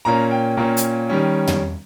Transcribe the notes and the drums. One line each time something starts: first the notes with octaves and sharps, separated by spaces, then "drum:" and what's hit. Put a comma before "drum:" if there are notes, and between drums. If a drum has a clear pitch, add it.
A#2 A#3 C#4 A#5
G5
A#2 A#3 C#4
drum: hi-hat
D#3 G3 C#4
drum: tom